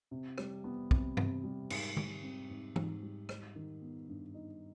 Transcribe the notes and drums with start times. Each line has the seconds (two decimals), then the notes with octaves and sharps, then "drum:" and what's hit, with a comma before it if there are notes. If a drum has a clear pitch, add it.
0.11 C3
0.38 G3, drum: rim click
0.64 B3
0.91 C3, drum: kick
1.17 C3, drum: tom G2
1.44 G3
1.70 G#2, drum: cymbal
1.97 G3, drum: tom D3
2.23 C4
2.50 G#2
2.76 G#2, drum: tom
3.03 G3
3.29 D#4, drum: rim click
3.55 D#3
3.82 B3
4.09 G2
4.34 D#4